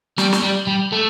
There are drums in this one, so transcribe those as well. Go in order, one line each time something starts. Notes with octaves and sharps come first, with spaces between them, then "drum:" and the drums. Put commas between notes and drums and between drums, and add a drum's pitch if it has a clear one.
G3, drum: snare
drum: snare
G3
G3
A3